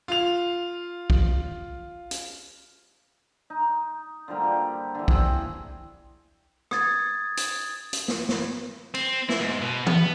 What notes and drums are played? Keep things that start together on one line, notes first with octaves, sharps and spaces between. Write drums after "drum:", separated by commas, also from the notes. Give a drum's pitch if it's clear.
F4 F7
drum: kick B1
drum: hi-hat
D#4
D3 F3 G3 A#3
G4
D3 E3
C4 G#4 F#5, drum: kick B1
D#6 G#6 A6, drum: rim click
drum: hi-hat
drum: hi-hat
drum: snare
drum: snare
C4, drum: cymbal
E4, drum: snare
G#2
B2
B3, drum: tom E3